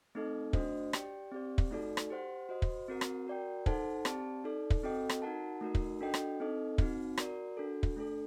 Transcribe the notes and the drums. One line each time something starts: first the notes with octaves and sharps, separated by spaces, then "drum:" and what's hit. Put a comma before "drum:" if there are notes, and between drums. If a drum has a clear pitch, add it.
A3 C4 D#4 A4 D#5
A3 D4 F#4 C5 D#5, drum: kick
G4 D5 G5, drum: rim click
C4 G4 D5
drum: kick
A3 D#4 F#4 A4 D5
drum: rim click
G4 C5 F#5
F#4 C5 D#5
drum: kick
C4 F#4 A#4
drum: rim click
F#4 A#4 D5 G5
D#4 A4 C5 F#5 A5, drum: kick
C4 G4 D5 A5, drum: rim click
D#4 A4 D5
drum: kick
C4 F#4 A4 D#5 G5
drum: rim click
D#4 F#4 A#4 F#5 A5
A3 D#4 F#4 A#4
drum: kick
D4 F#4 A4 D#5 G5
drum: rim click
C4 D#4 A4 D#5
C4 D#4 F#4, drum: kick
F#4 A#4 D5, drum: rim click
D4 F#4 A4
drum: kick
A3 D4 A4